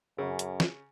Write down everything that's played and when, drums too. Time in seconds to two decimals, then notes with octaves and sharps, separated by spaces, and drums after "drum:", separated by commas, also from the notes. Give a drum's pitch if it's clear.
0.18 F#2 C#3
0.39 drum: hi-hat
0.60 drum: snare